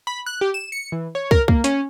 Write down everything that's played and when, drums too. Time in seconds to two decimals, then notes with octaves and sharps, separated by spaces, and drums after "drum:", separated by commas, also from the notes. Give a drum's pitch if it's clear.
0.07 B5
0.26 F#6
0.41 G4
0.54 E7
0.72 C#7
0.92 E3
1.15 C#5
1.31 A#4, drum: kick
1.48 A#3, drum: kick
1.64 C#4, drum: hi-hat